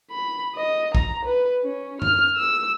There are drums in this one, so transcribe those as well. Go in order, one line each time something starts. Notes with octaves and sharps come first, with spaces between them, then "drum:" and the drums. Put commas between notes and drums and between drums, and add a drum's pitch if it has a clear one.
B5
D#5
A#5, drum: kick
B4
C#4
F6, drum: tom F#2
E6